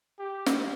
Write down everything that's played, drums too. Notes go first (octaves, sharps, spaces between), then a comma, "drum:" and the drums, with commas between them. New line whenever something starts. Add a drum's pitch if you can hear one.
G4
drum: snare